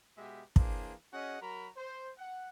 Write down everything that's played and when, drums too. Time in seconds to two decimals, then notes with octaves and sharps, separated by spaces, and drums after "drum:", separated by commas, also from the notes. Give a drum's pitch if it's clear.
0.17 B2 G#3 B3 G4 E5
0.56 E3 A#3 D4 G#4 C5, drum: kick
1.12 C#4 F#4 G#4 D#5 F#5
1.42 F#3 F#4 A#4 A#5 B5
1.76 C5
2.18 F#5